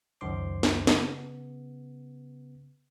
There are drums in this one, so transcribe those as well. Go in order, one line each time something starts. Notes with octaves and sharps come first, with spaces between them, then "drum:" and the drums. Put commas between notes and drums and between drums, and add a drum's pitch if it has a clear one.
C#2 F#2 D#3 C5 C6 D6
drum: snare
C#3 B3, drum: snare